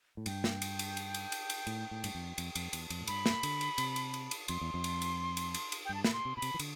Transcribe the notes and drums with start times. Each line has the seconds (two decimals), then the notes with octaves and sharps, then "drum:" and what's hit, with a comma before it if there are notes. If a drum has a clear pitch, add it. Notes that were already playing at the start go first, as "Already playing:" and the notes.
0.17 A2
0.26 G2 G5, drum: cymbal
0.44 drum: snare
0.62 drum: cymbal
0.79 drum: cymbal
0.97 drum: cymbal
1.14 drum: cymbal
1.32 drum: cymbal
1.50 drum: cymbal
1.67 A2, drum: cymbal
1.91 A2
2.04 G2, drum: cymbal
2.15 F2
2.38 F2, drum: cymbal
2.55 F2, drum: cymbal
2.73 E2, drum: cymbal
2.90 F2, drum: cymbal
3.00 A2
3.07 G2 B5, drum: cymbal
3.26 drum: snare
3.43 D3, drum: cymbal
3.61 drum: cymbal
3.78 C3, drum: cymbal
3.96 drum: cymbal
4.14 drum: cymbal
4.31 drum: cymbal
4.48 F2 C6, drum: cymbal
4.61 E2
4.74 F2
4.84 drum: cymbal
5.02 drum: cymbal
5.37 drum: cymbal
5.54 drum: cymbal
5.72 drum: cymbal
5.85 G2 G5
5.94 A5
6.04 A2 B5, drum: snare
6.13 C6
6.25 C3
6.37 B2 B5
6.42 C3, drum: cymbal
6.54 E3
6.59 D3, drum: cymbal